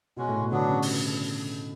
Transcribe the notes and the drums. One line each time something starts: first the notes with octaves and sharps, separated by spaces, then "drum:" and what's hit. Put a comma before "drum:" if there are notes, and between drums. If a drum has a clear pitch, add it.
B2 G#3 C#4 F#4
A2
B2
D3 F#3 B3 D4 F#4
C#3
drum: open hi-hat